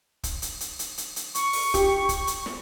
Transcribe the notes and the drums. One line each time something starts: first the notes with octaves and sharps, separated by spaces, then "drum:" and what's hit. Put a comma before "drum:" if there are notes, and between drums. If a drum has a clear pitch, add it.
drum: kick, hi-hat
drum: hi-hat
drum: hi-hat
drum: hi-hat
drum: hi-hat
drum: hi-hat
C#6, drum: hi-hat
drum: open hi-hat
G4, drum: kick, hi-hat
drum: kick, hi-hat
drum: hi-hat
drum: snare